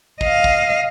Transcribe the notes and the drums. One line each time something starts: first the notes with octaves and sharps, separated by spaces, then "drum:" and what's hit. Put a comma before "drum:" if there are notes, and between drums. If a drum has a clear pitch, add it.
D#5 F5, drum: kick
drum: kick